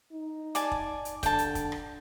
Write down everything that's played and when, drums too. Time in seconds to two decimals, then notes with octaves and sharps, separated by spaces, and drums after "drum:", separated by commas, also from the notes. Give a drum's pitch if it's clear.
0.12 D#4
0.55 D5 G#5 A5, drum: hi-hat
0.72 drum: kick
1.05 drum: hi-hat
1.23 D3 G5 A5, drum: kick, hi-hat
1.38 drum: hi-hat
1.55 drum: kick, hi-hat
1.72 drum: rim click